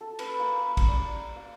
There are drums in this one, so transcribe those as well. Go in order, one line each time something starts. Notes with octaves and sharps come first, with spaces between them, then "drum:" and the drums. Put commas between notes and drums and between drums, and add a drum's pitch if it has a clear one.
A4
B4, drum: cymbal
A#3
B5
drum: kick, cymbal
D5
A#5
F5